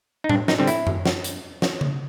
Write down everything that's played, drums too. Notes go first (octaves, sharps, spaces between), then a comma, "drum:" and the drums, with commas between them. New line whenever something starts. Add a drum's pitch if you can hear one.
D#4
G2 D4, drum: tom A2
D#4, drum: snare
D3 G3 C4
E4, drum: hi-hat
drum: tom F#2
drum: snare
drum: hi-hat
drum: snare
drum: tom C#3